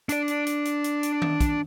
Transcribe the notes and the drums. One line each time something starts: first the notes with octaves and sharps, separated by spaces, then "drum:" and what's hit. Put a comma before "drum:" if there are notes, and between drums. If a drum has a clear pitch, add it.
D4 D5, drum: hi-hat
drum: hi-hat
drum: hi-hat
drum: hi-hat
drum: hi-hat
drum: hi-hat
drum: tom D#3
drum: kick, hi-hat